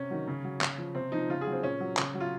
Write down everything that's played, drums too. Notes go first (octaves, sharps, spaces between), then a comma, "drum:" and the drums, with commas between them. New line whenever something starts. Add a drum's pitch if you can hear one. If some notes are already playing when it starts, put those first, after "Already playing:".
Already playing: C3 C#4
D#3 F#3
C#3
F#3
C#3, drum: clap
F3
C3 C4
F3 D#4
C#3 F4
G#4
F#3
C4
A#2 C#4
F#3
C#3, drum: clap
F#3
F4